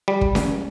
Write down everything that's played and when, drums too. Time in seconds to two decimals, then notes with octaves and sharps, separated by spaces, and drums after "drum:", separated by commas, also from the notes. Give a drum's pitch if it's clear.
0.08 G3
0.21 drum: kick
0.35 drum: snare C#4